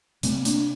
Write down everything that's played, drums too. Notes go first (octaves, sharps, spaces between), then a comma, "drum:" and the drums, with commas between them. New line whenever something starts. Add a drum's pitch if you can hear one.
C3 A3 C4, drum: hi-hat
A#3 D4, drum: hi-hat